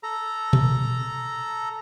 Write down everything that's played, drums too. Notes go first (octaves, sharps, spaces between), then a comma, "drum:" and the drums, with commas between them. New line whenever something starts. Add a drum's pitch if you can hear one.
A4 A#5
drum: tom A#2